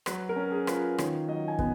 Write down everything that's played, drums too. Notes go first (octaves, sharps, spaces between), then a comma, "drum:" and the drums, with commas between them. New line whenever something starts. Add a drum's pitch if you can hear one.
F#3 B4, drum: rim click
A#4
C#4
G#4
F4 B4, drum: rim click
A#4
D#3 C#5, drum: rim click
F#3 D#5
G#5
B3, drum: kick